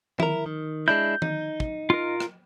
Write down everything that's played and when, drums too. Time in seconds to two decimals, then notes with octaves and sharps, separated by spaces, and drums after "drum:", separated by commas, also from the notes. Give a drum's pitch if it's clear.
0.20 E4 A#4, drum: tom D#3
0.46 D#3
0.88 G#3 D4 E4 G6
1.22 D#4, drum: tom D#3
1.60 drum: kick
1.90 F4 A#4
2.20 drum: rim click